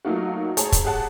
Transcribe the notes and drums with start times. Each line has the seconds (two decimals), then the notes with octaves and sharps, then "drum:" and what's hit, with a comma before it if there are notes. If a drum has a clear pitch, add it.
0.05 F#3 A3 A#3 D#4 F4 F#4
0.57 G#4 C5 C#5 A5 A#5, drum: hi-hat
0.72 drum: kick, hi-hat
0.84 G4 G#4 F#5 A5